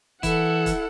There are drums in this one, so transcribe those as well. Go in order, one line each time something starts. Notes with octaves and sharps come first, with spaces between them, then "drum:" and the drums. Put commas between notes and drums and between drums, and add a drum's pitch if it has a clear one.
E3 E4 A4 F#5, drum: kick, hi-hat
drum: kick, hi-hat